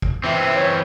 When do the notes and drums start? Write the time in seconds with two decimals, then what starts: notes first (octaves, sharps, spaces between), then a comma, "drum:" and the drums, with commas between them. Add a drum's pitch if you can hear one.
0.02 drum: kick
0.24 E3 C4 E5
0.54 C#5